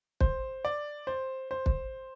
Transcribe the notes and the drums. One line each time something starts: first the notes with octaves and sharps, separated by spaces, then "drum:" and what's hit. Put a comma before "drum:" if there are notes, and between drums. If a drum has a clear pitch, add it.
C5, drum: kick
D5
C5
C5
drum: kick